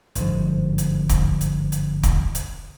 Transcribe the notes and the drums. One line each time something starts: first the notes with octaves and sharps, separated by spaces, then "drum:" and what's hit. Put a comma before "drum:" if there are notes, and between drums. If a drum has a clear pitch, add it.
G1 G#2 F3, drum: hi-hat
drum: hi-hat
drum: kick, hi-hat
drum: hi-hat
drum: hi-hat
drum: kick, hi-hat
drum: hi-hat